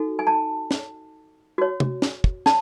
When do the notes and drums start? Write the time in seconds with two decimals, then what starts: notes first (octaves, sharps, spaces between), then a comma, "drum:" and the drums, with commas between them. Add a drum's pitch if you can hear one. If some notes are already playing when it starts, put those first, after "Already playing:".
Already playing: D#4 F#4 A4
0.19 G#5
0.27 A5
0.71 drum: snare
1.58 F#4 C#5
1.80 drum: tom C3
2.02 drum: snare
2.24 drum: kick
2.46 A5, drum: snare